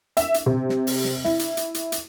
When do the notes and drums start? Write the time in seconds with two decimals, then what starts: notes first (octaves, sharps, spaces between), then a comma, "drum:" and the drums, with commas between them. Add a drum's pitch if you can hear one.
0.17 E5, drum: hi-hat
0.34 drum: hi-hat
0.46 C3
0.69 drum: snare
0.87 drum: open hi-hat
1.04 drum: snare
1.25 E4, drum: snare
1.39 drum: hi-hat
1.57 drum: hi-hat
1.74 drum: hi-hat
1.92 drum: hi-hat